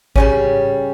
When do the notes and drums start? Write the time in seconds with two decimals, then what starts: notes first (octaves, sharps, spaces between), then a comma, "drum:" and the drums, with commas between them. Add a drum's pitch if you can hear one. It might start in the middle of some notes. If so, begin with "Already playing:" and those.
0.16 C#3 G3 C#4, drum: kick G#1